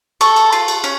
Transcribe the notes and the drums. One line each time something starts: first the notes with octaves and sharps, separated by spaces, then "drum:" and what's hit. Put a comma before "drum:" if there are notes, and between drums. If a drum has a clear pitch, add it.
A4 C#6, drum: cymbal
drum: cymbal
F4, drum: cymbal
drum: cymbal
C#4, drum: cymbal